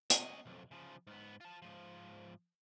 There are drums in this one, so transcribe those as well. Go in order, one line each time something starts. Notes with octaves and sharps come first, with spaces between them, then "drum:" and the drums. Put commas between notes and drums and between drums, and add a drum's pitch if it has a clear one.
C#4 D#5, drum: hi-hat
B1 F2
C#3 F3
G#2 B3
F4 A5
G#2 F3